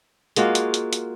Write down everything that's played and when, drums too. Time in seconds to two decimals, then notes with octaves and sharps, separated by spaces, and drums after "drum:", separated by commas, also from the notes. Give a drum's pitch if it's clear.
0.36 G#3 A#3 F4 F#4, drum: hi-hat
0.55 drum: hi-hat
0.74 drum: hi-hat
0.93 drum: hi-hat